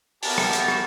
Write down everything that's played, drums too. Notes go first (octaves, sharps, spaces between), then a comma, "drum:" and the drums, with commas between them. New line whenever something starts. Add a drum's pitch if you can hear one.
B3 F#4 G4 A#4 A5, drum: open hi-hat
drum: rim click
drum: hi-hat
drum: rim click